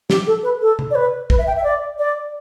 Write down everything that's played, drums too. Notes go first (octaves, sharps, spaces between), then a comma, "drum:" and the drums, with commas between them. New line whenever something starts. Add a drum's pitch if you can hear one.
G4, drum: snare
A4
B4
A4
drum: tom
D5
B4
B4, drum: kick
E5
G5
E5
D5
D5